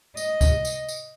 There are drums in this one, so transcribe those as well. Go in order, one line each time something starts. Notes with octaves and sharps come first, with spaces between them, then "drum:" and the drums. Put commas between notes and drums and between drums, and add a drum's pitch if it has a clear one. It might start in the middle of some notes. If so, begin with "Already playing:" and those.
D#5, drum: tambourine
drum: kick C#2, tambourine
drum: tambourine
drum: tambourine